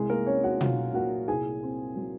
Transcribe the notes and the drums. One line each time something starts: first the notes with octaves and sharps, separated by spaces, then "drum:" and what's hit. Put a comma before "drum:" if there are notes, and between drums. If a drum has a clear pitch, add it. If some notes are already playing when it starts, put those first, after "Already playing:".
Already playing: C2 G#3 G#4
A#3 A#4
C4 C#4 C#5
F#4 F#5
F#3 F4 F5, drum: tom
A#2 F#4 F#5
C2 G#4 G#5
C4
F#3